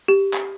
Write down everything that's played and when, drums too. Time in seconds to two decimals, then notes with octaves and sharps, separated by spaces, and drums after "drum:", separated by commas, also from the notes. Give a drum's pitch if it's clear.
0.08 G4
0.34 drum: clap